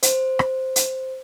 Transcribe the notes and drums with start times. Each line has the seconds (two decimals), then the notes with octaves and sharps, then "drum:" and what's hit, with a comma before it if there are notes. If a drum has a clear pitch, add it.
0.03 C5, drum: hi-hat
0.39 drum: rim click
0.76 drum: hi-hat